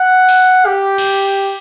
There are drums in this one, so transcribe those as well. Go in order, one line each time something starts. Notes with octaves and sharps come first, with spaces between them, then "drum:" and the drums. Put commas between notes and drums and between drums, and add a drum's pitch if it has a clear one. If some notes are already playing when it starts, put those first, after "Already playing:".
Already playing: F#5
drum: open hi-hat
G4
drum: cymbal